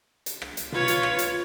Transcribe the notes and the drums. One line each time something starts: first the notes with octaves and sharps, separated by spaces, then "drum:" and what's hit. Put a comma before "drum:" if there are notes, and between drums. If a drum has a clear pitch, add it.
drum: hi-hat
drum: rim click
drum: hi-hat
F4 B4 C#5, drum: tom B2
drum: hi-hat
drum: rim click
drum: hi-hat